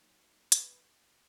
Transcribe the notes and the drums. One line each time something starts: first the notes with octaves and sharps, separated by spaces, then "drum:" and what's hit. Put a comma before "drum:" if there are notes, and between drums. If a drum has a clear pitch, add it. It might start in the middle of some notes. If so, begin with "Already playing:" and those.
Already playing: F#3 A#3 D#4 C#5
B4, drum: hi-hat